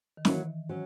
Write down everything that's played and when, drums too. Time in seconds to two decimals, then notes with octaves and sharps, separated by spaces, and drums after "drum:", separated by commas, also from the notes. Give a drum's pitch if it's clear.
0.17 D#3
0.25 E3 F#3 A#3 E4, drum: snare
0.69 F#3 C#4